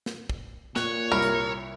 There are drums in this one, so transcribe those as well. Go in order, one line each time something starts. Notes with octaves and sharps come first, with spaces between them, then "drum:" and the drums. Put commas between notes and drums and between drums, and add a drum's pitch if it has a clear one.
drum: snare
drum: kick
A#2 C#5 F#6, drum: snare
C2 G3 A#4 B5
drum: hi-hat